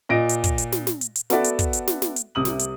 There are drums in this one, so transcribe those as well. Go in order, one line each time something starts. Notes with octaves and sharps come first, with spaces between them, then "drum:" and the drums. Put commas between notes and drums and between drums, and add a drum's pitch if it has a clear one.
A#2 D#5 A#6 D7
drum: hi-hat
drum: kick, hi-hat
drum: hi-hat
drum: snare
drum: snare
drum: hi-hat
drum: hi-hat
B3 F#4 A4 B4 D5 E5, drum: snare
drum: hi-hat
drum: kick, hi-hat
drum: hi-hat
drum: snare
drum: snare
drum: hi-hat
C2 C3 D#6 F#7
drum: snare
drum: hi-hat